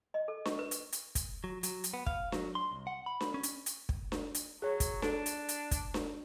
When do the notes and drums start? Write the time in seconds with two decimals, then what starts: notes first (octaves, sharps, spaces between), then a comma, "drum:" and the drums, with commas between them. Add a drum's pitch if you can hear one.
0.14 D#5
0.28 A4
0.45 C#6, drum: snare D4
0.59 B4
0.71 B4, drum: hi-hat
0.92 drum: hi-hat
1.15 drum: kick, hi-hat
1.44 F#3
1.63 F#3, drum: hi-hat
1.84 drum: hi-hat
1.94 B3
2.07 F5, drum: kick
2.32 F#3, drum: snare D4
2.55 C6
2.71 C2
2.87 F#5
3.06 B5
3.21 drum: snare D4
3.34 C#4
3.43 drum: hi-hat
3.66 drum: hi-hat
3.89 drum: kick
4.12 drum: snare D4
4.35 drum: hi-hat
4.62 F#3 G#4 C#5
4.80 drum: kick, hi-hat
5.02 D4 A4, drum: snare D4
5.26 drum: hi-hat
5.49 drum: hi-hat
5.71 drum: kick, hi-hat
5.94 drum: snare D4